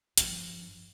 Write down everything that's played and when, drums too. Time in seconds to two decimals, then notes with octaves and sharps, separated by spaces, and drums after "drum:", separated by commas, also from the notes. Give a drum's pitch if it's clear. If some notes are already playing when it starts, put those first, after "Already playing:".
0.18 G2 F3, drum: hi-hat